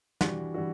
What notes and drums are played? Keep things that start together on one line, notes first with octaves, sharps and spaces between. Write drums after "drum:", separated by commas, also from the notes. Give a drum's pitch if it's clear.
E3 G3 D4 F#4, drum: snare
E3 G3 D4 F#4